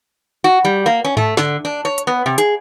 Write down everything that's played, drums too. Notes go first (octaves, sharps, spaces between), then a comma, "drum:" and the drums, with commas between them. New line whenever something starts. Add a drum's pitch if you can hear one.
F#4
G3
A#3
C#4
A3, drum: tom G#2
D3, drum: snare
D4
C#5
drum: hi-hat
B3
C3
G#4, drum: hi-hat